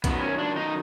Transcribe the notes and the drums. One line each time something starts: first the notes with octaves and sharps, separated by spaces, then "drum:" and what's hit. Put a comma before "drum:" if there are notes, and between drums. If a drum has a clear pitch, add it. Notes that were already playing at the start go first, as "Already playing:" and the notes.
F#2 D#3 B3, drum: kick, hi-hat
C#4
D4
D#4